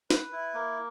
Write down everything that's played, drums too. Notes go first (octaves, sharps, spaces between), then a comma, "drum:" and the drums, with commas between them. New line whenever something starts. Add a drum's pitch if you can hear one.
B4, drum: snare
E4
A#3